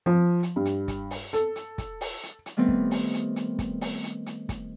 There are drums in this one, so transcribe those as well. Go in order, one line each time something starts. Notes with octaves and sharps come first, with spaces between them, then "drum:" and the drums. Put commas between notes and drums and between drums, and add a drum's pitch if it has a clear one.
F3
drum: hi-hat
G2
drum: hi-hat
drum: kick, hi-hat
drum: open hi-hat
A4, drum: hi-hat
drum: hi-hat
drum: kick, hi-hat
drum: open hi-hat
drum: hi-hat
drum: hi-hat
D#3 G3 A3 B3 C4
drum: kick
drum: open hi-hat
drum: hi-hat
drum: hi-hat
drum: kick, hi-hat
drum: open hi-hat
drum: hi-hat
drum: hi-hat
drum: kick, hi-hat